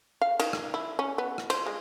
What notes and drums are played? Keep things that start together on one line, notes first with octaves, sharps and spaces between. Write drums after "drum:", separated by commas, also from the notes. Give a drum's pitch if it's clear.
F5
D#3, drum: cymbal
drum: rim click
E4
C#4
B3
drum: rim click
C5, drum: cymbal
G#3